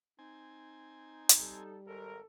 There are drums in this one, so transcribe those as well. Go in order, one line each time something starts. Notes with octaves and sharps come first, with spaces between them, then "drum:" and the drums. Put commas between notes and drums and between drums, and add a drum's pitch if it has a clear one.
C4 D#4 G#5
drum: hi-hat
G3 A4
G#1 A4 A#4